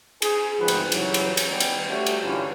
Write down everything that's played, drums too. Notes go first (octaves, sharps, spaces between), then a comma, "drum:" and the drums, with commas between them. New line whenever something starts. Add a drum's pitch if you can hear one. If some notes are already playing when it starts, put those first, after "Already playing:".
G#4, drum: cymbal
G#1 D2 F3 C4 F#4 B4
drum: cymbal
G2 C#3 E3 F#3, drum: cymbal
drum: cymbal
drum: cymbal
D#3 G3 B3
drum: cymbal
G3 A3 C#4 D4 F#4 G4
drum: cymbal
G2 D3 E3 C#4 F4 B4